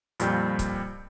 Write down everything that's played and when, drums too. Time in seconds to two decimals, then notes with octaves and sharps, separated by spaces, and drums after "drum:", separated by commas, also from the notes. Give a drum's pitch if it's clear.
0.20 F2 A#2 G3 G5 G6, drum: hi-hat
0.59 drum: kick C#1, hi-hat